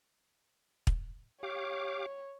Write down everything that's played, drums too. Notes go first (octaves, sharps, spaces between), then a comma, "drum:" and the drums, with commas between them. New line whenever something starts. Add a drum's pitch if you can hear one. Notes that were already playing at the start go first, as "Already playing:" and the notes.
drum: kick
G4 C#5 F5 D6